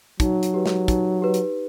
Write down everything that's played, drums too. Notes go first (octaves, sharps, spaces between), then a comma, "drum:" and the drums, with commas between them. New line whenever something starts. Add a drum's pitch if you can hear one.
F#3 D#4, drum: kick, hi-hat
drum: hi-hat
G4 B4
drum: snare
D#4, drum: kick, hi-hat
G4 B4
drum: hi-hat